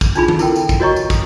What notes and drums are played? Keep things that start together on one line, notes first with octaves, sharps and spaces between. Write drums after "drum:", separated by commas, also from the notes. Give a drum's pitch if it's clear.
drum: kick, tambourine
D4 D#4 F4 G#4 B5, drum: tambourine
drum: tom D#3
E4 A4 A#4 G5, drum: tambourine
drum: tambourine
drum: kick, tambourine
F#4 A#4 C#5 D#5 A#5 C#6
drum: tambourine
D#6, drum: kick, tambourine